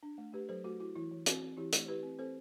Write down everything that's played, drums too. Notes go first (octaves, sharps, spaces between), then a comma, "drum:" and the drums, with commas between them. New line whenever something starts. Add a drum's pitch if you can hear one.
D4
A3
A3 G4 B4
F#3 A4 C5
A3 F#4 A4
E4 F#4
E3 E4
E3
C4 F#4, drum: hi-hat
C4
E3 E4 G4
A3, drum: hi-hat
E4 G4 B4
C4
C4 A4 C5